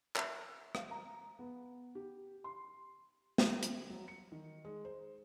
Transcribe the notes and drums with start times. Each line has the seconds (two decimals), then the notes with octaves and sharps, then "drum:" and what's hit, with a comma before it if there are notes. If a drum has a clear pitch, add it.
0.16 E5, drum: clap
0.75 F5, drum: rim click
0.91 A#5
1.39 B3
1.95 G4
2.44 C6
3.38 drum: snare
3.63 drum: hi-hat
3.90 F#3
4.08 C#7
4.32 D#3
4.65 G#3
4.85 C5